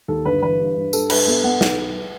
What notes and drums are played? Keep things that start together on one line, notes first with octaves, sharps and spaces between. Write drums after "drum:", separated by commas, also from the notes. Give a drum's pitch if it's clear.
D#2 A4
G1 B4
E3 B4
G2
G2
G2 A4, drum: tambourine
G2 B4, drum: cymbal
B3 A4
B3 F#5
B1, drum: snare